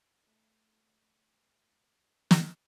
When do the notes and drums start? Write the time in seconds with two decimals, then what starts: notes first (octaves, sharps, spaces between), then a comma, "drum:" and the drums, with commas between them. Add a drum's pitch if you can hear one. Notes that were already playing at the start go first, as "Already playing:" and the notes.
0.23 A3 D#4
2.31 drum: snare